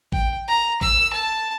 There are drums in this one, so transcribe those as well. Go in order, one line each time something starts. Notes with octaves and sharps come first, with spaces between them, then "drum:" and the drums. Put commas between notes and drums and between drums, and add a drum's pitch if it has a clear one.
G5, drum: kick G#1
A#5
E6, drum: kick G#1
A5